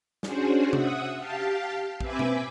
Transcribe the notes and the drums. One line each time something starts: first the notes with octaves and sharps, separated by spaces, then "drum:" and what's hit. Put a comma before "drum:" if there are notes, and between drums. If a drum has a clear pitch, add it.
C#4 D4 F#4 G#4 C5, drum: snare
E5 F#5 D#6, drum: tom C3
G4 F5 A5
C4 B4 E5 G#5 D6 B6, drum: kick
drum: tom B2